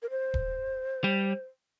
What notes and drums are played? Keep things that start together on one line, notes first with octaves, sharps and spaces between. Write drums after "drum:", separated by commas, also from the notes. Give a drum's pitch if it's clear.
A#4
C5
drum: kick D#1
G3